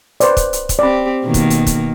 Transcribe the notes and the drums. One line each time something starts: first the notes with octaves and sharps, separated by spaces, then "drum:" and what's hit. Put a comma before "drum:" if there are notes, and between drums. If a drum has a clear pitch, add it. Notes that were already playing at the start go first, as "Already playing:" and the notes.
B4 C5 D5, drum: hi-hat
drum: kick, hi-hat
drum: hi-hat
drum: kick, hi-hat
C4 G4 D5 B5
B2 D#3 A#3
drum: kick, hi-hat
drum: hi-hat
drum: kick, hi-hat